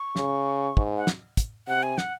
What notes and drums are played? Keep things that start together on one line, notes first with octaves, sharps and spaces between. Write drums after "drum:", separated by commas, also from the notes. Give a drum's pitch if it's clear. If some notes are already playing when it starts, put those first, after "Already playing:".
Already playing: C#6
C#3, drum: snare
G#2, drum: kick
F#5
drum: snare
drum: kick, hi-hat
C3 F#5
G#5
F#5, drum: snare